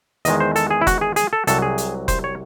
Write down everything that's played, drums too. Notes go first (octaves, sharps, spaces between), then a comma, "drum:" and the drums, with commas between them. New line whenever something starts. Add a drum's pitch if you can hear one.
E2 D#3 G#3 D#5, drum: hi-hat
C5
A4, drum: hi-hat
G#4
E4
F#4, drum: kick F1, hi-hat
G#4
G#4, drum: hi-hat
A4
C2 C3 F#3 A4, drum: hi-hat
G#4
drum: hi-hat
C5, drum: kick F1, hi-hat
C#5